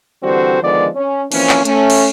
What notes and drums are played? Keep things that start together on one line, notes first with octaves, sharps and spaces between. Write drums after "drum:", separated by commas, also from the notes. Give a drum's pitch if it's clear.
D3 E3 G3 C4 F#4 C5
D3 D#3 F3 G#3 B3 D5
C#4
E3 F3 A#3 C4 C#4, drum: cymbal
drum: clap
A3 C#4, drum: hi-hat
drum: cymbal